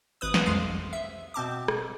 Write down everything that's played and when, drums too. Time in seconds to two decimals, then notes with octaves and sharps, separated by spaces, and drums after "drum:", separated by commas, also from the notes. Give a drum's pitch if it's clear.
0.21 G#1 B4 D#6
0.34 drum: snare
0.46 C2 F2 F3 G#3 F5
0.93 E5
1.34 B2 C4 A5 D6
1.68 drum: rim click